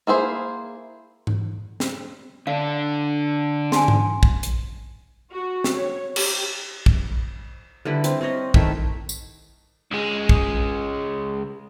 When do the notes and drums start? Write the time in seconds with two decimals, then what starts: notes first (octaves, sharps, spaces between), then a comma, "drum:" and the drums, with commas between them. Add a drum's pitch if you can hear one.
0.07 A#3 E4 G#4 C5
1.27 drum: tom G#2
1.80 drum: snare
2.47 D3 D4 F5
3.72 G#5 C6, drum: snare
3.88 drum: tom G#2
4.23 drum: kick
4.43 drum: hi-hat
5.33 F#4
5.64 drum: snare
5.74 C#5
6.16 G4, drum: cymbal
6.86 drum: kick
7.85 D3 G3 E4 B4
8.04 C4, drum: hi-hat
8.21 C4 A#4 C#5 D#5
8.54 D#3 A3 E4 E5, drum: kick
9.09 drum: tambourine
9.91 C#2 G#3
10.29 drum: kick